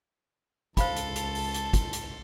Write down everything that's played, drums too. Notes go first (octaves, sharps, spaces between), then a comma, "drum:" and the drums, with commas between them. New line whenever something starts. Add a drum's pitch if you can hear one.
C#2 A4 C5 F5 A5 B5 C6, drum: kick, hi-hat
drum: hi-hat
drum: hi-hat
drum: open hi-hat
drum: hi-hat
drum: kick, hi-hat
drum: hi-hat